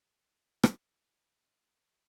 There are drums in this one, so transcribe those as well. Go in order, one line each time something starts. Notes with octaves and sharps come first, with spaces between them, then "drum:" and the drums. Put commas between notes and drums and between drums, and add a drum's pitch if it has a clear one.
G#4
drum: rim click
G4